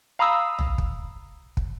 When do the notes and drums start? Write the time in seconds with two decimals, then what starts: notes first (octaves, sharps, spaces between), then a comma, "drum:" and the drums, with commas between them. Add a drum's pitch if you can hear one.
0.19 F5 A#5 B5 D#6 E6
0.59 drum: tom
0.78 drum: kick
1.57 drum: kick